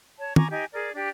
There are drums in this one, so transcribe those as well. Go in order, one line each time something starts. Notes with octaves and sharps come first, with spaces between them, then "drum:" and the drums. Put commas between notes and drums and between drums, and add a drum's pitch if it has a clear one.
C#5 A5
G#5 A#5 C#6 D6, drum: tom
D#4 G4 G#5
G#4 A#4 D5
D4 G4